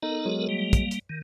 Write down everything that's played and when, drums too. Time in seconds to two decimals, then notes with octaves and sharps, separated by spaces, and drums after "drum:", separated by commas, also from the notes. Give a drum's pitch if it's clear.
0.03 B3 D#4 A4 A#4
0.26 F#3 G#3
0.49 G3 A#3
0.73 drum: kick, hi-hat
0.91 drum: hi-hat
1.09 D#3